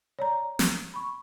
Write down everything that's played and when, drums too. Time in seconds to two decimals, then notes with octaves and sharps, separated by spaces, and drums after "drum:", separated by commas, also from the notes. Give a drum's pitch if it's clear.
0.19 C#5 D5 A#5
0.59 drum: snare
0.94 B5 C#6